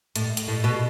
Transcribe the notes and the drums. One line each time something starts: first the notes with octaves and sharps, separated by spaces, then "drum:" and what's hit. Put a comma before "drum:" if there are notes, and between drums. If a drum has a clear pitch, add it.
A2, drum: hi-hat
drum: hi-hat
A2
B2